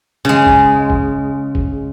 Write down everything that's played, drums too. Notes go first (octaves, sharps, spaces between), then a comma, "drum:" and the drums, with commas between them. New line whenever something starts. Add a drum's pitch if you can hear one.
C#3 G#3
drum: kick
drum: kick
drum: kick